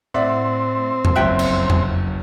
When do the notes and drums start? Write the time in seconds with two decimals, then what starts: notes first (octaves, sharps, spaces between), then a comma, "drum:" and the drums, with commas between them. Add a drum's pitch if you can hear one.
0.14 A2 C4 D5 E5 F#5
1.05 drum: tom E2
1.16 F#1 B1 F2 E5 G5 F#6
1.39 drum: cymbal
1.70 drum: tom E2